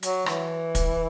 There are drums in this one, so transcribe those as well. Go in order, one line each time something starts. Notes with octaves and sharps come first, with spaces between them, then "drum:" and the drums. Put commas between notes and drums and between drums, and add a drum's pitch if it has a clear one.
F#3, drum: hi-hat
E3, drum: rim click
drum: kick, hi-hat